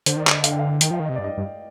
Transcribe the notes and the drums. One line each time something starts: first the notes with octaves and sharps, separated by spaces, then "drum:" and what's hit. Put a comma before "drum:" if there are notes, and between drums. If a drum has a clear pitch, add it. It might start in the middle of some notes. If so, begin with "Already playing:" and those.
D3 C5, drum: hi-hat
D#3 D5
D3 D#5, drum: clap
F5, drum: hi-hat
G5
F5
D#3 G5, drum: hi-hat
F3 F5
D#3
C3 D#5
G2 D5
D#5
G2